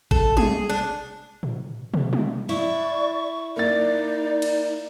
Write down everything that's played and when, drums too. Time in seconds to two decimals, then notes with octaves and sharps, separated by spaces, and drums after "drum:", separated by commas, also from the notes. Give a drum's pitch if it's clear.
0.11 A4, drum: kick G#1
0.37 G#4, drum: tom G3
0.70 D4
1.43 drum: tom A2
1.94 drum: tom
2.13 drum: tom G3
2.49 E4 D5 C#6
3.56 A#3 D#4 D5 A6
4.42 drum: cymbal